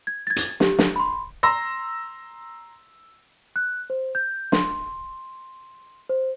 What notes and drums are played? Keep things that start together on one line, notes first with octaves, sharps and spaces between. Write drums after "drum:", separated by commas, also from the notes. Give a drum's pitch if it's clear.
G#6
G#6 A6
drum: hi-hat
G4, drum: snare
drum: snare
B5 C6
A#5 C6 E6 A#6
F#6
C5
G6
C6, drum: snare
C5